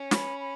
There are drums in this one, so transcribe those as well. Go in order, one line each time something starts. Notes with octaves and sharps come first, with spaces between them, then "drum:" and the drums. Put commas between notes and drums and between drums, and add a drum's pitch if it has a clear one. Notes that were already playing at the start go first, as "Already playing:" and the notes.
Already playing: C#4
B5, drum: snare
B5